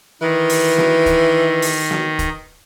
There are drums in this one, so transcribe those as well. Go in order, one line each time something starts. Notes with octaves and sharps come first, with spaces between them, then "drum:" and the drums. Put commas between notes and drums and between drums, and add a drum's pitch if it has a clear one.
D#3 E3
drum: open hi-hat
drum: snare
drum: kick, hi-hat
drum: open hi-hat
drum: snare
drum: kick, hi-hat